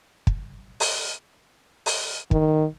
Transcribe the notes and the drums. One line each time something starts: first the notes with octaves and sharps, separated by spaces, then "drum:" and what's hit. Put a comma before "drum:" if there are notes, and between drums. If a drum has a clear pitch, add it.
drum: kick
drum: open hi-hat
drum: open hi-hat
D#3, drum: kick